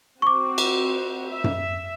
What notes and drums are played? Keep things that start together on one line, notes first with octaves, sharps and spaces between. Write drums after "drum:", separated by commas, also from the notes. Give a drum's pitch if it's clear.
C4 F#4 C#6 D6
drum: cymbal
E5
drum: tom F#2